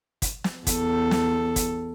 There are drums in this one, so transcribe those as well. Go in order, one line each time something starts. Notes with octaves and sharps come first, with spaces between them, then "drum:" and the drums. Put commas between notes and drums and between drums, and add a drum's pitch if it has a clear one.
drum: kick, hi-hat
drum: snare
E2 A4, drum: kick, hi-hat
drum: snare
drum: kick, hi-hat